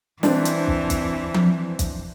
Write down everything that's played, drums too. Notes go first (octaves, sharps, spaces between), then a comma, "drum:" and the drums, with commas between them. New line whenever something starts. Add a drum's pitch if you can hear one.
E3 C4 D4, drum: snare
drum: hi-hat
drum: kick
drum: kick, hi-hat
drum: tom F3
drum: kick, hi-hat